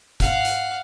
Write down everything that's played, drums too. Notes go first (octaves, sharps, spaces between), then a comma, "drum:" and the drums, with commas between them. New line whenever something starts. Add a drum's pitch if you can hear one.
F5 F#5, drum: kick, hi-hat
drum: hi-hat